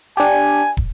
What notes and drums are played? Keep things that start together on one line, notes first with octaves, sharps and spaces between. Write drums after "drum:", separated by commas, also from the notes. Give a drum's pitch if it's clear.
D4 G4 G#5
drum: kick